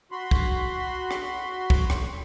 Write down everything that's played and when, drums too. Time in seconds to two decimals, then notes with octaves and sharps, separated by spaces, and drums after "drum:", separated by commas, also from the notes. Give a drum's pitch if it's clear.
0.12 F#4 B5 C6
0.31 drum: kick
1.11 drum: rim click
1.70 drum: kick
1.90 drum: rim click